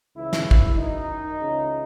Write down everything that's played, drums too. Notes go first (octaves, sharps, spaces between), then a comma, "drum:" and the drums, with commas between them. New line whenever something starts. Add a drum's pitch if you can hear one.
C#2 C#3 E3 E4
drum: snare
drum: kick
F#2 D#3 D#4
C#2 C#3 E3